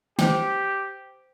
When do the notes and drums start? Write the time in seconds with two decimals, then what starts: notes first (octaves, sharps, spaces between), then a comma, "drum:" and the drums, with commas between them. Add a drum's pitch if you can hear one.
0.19 G4 C5 G5, drum: snare